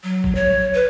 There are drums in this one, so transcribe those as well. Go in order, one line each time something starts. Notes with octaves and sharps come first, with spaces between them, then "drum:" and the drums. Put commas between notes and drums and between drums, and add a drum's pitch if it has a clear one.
F#3
drum: kick A1
C#5
B4